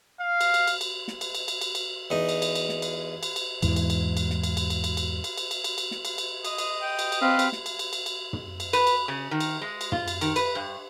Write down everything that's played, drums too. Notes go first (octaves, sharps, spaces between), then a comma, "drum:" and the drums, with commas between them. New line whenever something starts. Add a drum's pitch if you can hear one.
F5
drum: cymbal
drum: cymbal
drum: cymbal
drum: cymbal
drum: snare
drum: cymbal
drum: cymbal
drum: cymbal
drum: cymbal
drum: cymbal
E2 D#4
drum: cymbal
drum: cymbal
drum: cymbal
drum: snare
drum: cymbal
drum: cymbal
drum: cymbal
E2 G#2 E3, drum: cymbal
drum: cymbal
drum: cymbal
drum: cymbal
drum: snare
drum: cymbal
drum: cymbal
drum: cymbal
drum: cymbal
drum: cymbal
drum: cymbal
drum: cymbal
drum: cymbal
drum: cymbal
drum: cymbal
drum: snare
drum: cymbal
drum: cymbal
D#5 D#6, drum: cymbal
drum: cymbal
G5
drum: cymbal
drum: cymbal
C4 B4 F5
drum: cymbal
drum: snare
drum: cymbal
drum: cymbal
drum: cymbal
drum: cymbal
drum: tom
drum: cymbal
B4, drum: cymbal
drum: cymbal
C#3
D#3
drum: cymbal
G#3
drum: cymbal
F4, drum: tom
drum: cymbal
D#3, drum: cymbal
B4, drum: cymbal
G2